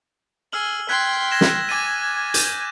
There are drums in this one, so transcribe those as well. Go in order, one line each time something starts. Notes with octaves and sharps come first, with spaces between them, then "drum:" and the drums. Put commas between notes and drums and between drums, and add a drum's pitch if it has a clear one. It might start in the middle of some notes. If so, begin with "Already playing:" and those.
G#4 E6 F6 F#7
G5 C6 F#6 G#6 B6
G#6 A#6 E7
drum: snare
G#5 D6 A6 D#7
G6, drum: hi-hat